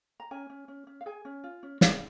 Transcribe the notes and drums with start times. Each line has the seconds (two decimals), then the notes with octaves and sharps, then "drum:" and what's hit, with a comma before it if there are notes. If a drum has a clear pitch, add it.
0.20 A#5
0.31 C#4 G#5
0.50 C#4
0.68 C#4
0.87 C#4
1.01 F5
1.06 G#4 G#5
1.25 C#4
1.44 F4
1.63 C#4
1.81 G#4 F5, drum: snare